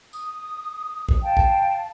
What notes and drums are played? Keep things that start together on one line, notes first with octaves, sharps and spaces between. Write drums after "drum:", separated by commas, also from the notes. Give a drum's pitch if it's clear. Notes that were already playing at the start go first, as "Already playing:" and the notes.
D#6, drum: tambourine
drum: kick
F5 G5 A5
drum: kick